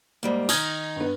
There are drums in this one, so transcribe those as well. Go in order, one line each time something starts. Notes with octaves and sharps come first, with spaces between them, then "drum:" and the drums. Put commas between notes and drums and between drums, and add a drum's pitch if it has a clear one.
G#2 G3 A#3
D#3 D#4 D#6 F6 G#6, drum: tambourine
G2 B3